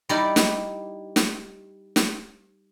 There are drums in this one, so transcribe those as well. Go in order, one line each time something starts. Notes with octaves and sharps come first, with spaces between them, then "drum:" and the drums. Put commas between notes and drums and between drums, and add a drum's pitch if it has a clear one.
G3 D#4 E4 D5
drum: snare
drum: snare
drum: snare